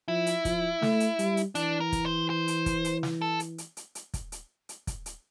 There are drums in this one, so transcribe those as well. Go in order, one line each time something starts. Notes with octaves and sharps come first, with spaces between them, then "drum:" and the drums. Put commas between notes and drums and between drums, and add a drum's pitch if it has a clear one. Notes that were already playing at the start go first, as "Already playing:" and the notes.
F3 E4
drum: hi-hat
F3, drum: kick, hi-hat
A3, drum: snare
drum: hi-hat
G3, drum: hi-hat
drum: hi-hat
E3 D4, drum: hi-hat
A#4
drum: kick, hi-hat
C5
C5
drum: hi-hat
drum: kick, hi-hat
drum: hi-hat
drum: snare
A4
drum: hi-hat
drum: hi-hat
drum: hi-hat
drum: hi-hat
drum: kick, hi-hat
drum: hi-hat
drum: hi-hat
drum: kick, hi-hat
drum: hi-hat